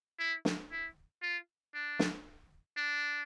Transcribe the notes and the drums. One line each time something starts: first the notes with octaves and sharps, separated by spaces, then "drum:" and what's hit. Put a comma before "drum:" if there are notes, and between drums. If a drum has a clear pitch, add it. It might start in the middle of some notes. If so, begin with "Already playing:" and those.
E4
drum: snare
E4
F4
D4
drum: snare
D4